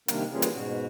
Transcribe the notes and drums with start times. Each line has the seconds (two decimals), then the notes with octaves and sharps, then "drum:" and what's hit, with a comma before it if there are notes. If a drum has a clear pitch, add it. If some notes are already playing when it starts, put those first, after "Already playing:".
0.08 C3 D#3 G3 A#3 D4 A#4, drum: hi-hat
0.32 E3 G3 A#3 C#4 F4 G#4
0.42 drum: hi-hat
0.53 G#2 B2 F#4